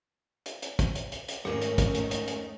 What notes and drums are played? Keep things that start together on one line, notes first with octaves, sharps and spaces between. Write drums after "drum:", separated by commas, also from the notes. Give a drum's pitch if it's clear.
drum: hi-hat
drum: hi-hat
drum: kick, hi-hat
drum: hi-hat
drum: hi-hat
drum: hi-hat
F2 G#2 D#3 A3 C#4 D#4 A#4, drum: rim click
drum: hi-hat
drum: kick, hi-hat
drum: hi-hat
drum: hi-hat
drum: hi-hat